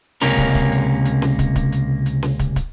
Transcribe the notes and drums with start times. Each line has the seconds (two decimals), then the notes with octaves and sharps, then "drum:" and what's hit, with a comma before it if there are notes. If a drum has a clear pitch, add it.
0.22 C#2 C3 A#3 C#4 A#4, drum: snare C#4
0.38 drum: kick, hi-hat
0.55 drum: kick, hi-hat
0.72 drum: hi-hat
1.05 drum: hi-hat
1.22 drum: snare C#4
1.39 drum: kick, hi-hat
1.56 drum: kick, hi-hat
1.72 drum: hi-hat
2.06 drum: hi-hat
2.23 drum: snare C#4
2.39 drum: kick, hi-hat
2.56 drum: kick, hi-hat